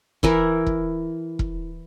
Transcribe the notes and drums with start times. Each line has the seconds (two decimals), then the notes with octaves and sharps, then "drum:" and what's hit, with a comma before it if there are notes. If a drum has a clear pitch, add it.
0.23 E3 E4 A#4, drum: kick E1
0.67 drum: kick E1
1.39 drum: kick E1